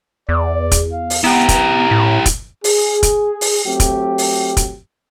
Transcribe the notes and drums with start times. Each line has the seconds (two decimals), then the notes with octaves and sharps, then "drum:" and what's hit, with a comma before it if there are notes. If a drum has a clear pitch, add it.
0.29 E2 D5
0.71 drum: kick, hi-hat
0.92 F5
1.10 drum: open hi-hat
1.24 B3 E4 G4 A#5
1.49 drum: kick, hi-hat
1.91 A2
2.26 drum: kick, hi-hat
2.64 G#4, drum: open hi-hat
3.03 drum: kick, hi-hat
3.41 drum: open hi-hat
3.65 F#3 A3 C4 G4
3.80 drum: kick, hi-hat
4.18 drum: open hi-hat
4.57 drum: kick, hi-hat